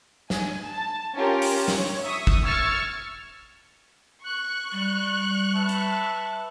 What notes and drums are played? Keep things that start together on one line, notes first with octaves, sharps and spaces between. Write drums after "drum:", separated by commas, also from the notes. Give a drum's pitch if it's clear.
G#5, drum: snare
A5
C#4 F4 G4 A#4
drum: open hi-hat
C#5, drum: snare
E5 C#6 D#6
drum: kick
C#6 E6 F6 G#6 A6 C#7
C#6 F#6
G3
B4 E5 A5
drum: hi-hat